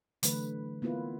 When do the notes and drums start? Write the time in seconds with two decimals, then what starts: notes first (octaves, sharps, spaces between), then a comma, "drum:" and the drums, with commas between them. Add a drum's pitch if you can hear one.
0.23 D3 E3 F#3 A3 B4, drum: hi-hat
0.82 A#3 B3 E4 F4 B4